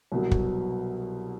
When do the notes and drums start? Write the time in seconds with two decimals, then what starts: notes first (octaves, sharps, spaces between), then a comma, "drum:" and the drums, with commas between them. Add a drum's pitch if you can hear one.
0.12 C2 B2 F#3
0.31 drum: kick